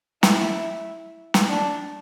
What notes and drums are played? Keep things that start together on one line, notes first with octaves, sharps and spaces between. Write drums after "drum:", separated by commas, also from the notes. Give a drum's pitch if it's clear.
E4, drum: snare
drum: snare
D4